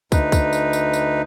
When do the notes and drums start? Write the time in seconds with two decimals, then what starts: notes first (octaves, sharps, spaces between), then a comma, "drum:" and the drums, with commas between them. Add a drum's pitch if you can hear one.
0.12 D2 D#4 B4, drum: kick, tambourine
0.32 drum: kick, tambourine
0.53 drum: tambourine
0.73 drum: tambourine
0.94 drum: tambourine